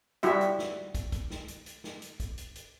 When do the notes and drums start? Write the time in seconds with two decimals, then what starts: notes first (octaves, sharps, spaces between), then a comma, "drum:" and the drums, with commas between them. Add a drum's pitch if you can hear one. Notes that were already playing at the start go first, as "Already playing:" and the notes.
0.23 G3 E4 F#4 E5, drum: hi-hat
0.41 drum: hi-hat
0.59 drum: snare
0.95 drum: kick, hi-hat
1.12 drum: kick, hi-hat
1.30 drum: snare
1.48 drum: hi-hat
1.66 drum: hi-hat
1.84 drum: snare
2.02 drum: hi-hat
2.20 drum: kick, hi-hat
2.38 drum: hi-hat
2.55 drum: hi-hat